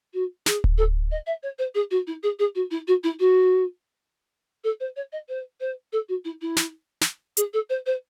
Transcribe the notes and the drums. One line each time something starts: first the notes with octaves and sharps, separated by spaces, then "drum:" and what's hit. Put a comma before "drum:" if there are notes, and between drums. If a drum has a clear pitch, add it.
F#4
G#4, drum: snare
drum: kick D1
A4
D#5
E5
C#5
C5
G#4
F#4
E4
G#4
G#4
F#4
E4
F#4
E4
F#4
A4
C5
C#5
D#5
C5
C5
A4
F#4
E4
E4
drum: snare
drum: snare
G#4, drum: hi-hat
A4
C5
C5